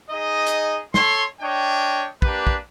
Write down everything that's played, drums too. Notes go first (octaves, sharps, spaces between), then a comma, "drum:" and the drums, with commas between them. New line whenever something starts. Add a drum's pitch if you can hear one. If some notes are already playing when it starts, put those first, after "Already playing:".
D#4 G#4 D#5
drum: hi-hat
A4 C#5 C6, drum: snare
D4 C#5 D#5 G5
A#3 D4 G4 B4, drum: kick
drum: kick